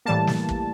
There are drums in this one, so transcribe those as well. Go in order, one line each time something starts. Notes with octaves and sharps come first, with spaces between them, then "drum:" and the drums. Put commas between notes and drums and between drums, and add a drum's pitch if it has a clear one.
A2 E3 G3 A#3 A5
drum: snare
drum: kick